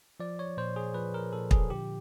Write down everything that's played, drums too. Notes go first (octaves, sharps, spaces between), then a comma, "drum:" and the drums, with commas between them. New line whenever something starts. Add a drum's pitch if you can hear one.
F3 D5
C#5
A#2 C5
G#4
F3 B4
A#4
A#2 A4
G#4, drum: kick
D3 G4